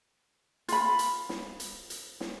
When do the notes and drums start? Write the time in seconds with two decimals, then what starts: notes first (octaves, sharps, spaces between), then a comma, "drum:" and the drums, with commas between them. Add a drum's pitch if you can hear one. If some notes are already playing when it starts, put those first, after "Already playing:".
0.68 F4 B5, drum: hi-hat
0.99 drum: hi-hat
1.29 drum: snare
1.60 drum: hi-hat
1.90 drum: hi-hat
2.20 drum: snare